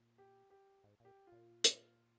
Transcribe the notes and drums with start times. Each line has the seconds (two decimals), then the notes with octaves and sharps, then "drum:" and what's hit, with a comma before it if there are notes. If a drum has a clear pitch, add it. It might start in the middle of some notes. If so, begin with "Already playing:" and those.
Already playing: A#2
0.18 G4
0.50 G4
0.84 G#2
1.00 A#2 G4
1.27 F4
1.32 A#2
1.64 drum: hi-hat